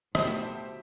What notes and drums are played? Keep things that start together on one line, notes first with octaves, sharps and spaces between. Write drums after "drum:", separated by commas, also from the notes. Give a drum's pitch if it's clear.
D2 B2 G4 A4 C5 E5, drum: rim click